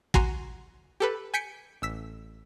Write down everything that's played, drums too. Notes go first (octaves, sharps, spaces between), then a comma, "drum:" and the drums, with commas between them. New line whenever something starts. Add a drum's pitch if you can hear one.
F#4 G#5 A#5 C6, drum: kick
G4 A4 B4
G#5 G6 B6 C#7 D7
A1 E6 B6